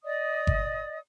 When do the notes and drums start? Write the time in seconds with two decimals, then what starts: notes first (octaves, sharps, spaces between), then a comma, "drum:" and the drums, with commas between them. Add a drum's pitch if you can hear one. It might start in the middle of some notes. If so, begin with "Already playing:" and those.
0.04 D5 D#5 D#6
0.47 drum: kick G1